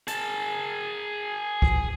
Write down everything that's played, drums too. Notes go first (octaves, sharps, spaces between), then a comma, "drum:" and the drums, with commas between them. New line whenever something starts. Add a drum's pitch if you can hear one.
G#4 A5, drum: hi-hat
drum: kick